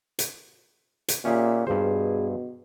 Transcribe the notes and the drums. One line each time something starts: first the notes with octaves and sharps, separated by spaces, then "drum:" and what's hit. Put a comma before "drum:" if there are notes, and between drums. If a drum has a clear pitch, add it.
drum: hi-hat
drum: hi-hat
A#2 C#4 G4 G#4 E5
G2 B2 G#4 C5